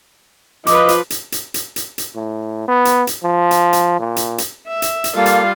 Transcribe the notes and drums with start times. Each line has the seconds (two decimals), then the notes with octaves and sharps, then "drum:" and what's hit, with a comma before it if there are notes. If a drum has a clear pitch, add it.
0.67 F3 B4 D#5 D6, drum: hi-hat
0.89 drum: hi-hat
1.10 drum: hi-hat
1.32 drum: hi-hat
1.54 drum: hi-hat
1.76 drum: hi-hat
1.98 drum: hi-hat
2.15 A2
2.68 B3
2.85 drum: hi-hat
3.07 drum: hi-hat
3.23 F3
3.51 drum: hi-hat
3.73 drum: hi-hat
3.99 A#2
4.16 drum: hi-hat
4.38 drum: hi-hat
4.68 E5
4.82 drum: hi-hat
5.04 drum: hi-hat
5.16 G3 A#3 F4 A4 F5
5.26 drum: hi-hat